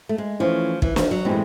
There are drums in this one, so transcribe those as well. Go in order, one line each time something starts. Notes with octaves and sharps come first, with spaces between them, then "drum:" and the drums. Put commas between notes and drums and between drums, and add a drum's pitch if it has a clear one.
A3
G#3
E3 F3 A3 C#4
E3, drum: kick
F3, drum: snare
F#3
A2 E3 G3 G#3 C4